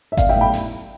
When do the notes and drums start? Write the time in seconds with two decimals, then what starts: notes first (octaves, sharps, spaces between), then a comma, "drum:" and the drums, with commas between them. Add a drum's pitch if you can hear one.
0.12 E5
0.17 B3 D5 F5, drum: kick G#1, hi-hat
0.29 E5 G5
0.35 A2
0.41 G5 B5
0.54 drum: open hi-hat